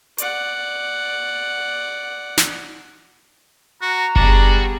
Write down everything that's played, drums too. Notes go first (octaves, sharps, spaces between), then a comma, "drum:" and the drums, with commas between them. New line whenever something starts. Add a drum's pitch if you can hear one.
D5 F#5, drum: hi-hat
drum: snare
F#4 A#5
G3 B3 D4 F#4 G#4, drum: kick F#1